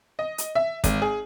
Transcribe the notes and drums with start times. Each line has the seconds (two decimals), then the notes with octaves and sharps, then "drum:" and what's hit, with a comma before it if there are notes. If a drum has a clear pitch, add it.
0.19 D#5
0.38 drum: hi-hat
0.55 E5
0.84 G#1, drum: kick, hi-hat
1.02 G#4